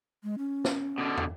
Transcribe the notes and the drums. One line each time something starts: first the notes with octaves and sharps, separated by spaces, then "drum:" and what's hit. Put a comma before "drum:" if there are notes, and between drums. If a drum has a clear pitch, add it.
G#3
C#4
drum: snare
B2 D3
drum: tom